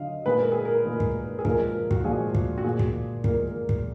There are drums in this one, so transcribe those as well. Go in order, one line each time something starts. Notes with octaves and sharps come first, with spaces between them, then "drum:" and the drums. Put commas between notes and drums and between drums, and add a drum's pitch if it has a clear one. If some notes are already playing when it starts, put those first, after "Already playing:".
Already playing: D3 F#3 D#5 F5
A#2 G#3 B4
A#4
G#4
A#4
A#2 G#3
drum: kick
G#4
A#2 F3 G#3 A#4, drum: kick
F#4, drum: kick
A#2 F3 G#3 G#4
drum: kick
F#4
A#2 G#3 G#4
drum: kick
A#2 G#3 A#4, drum: kick
drum: kick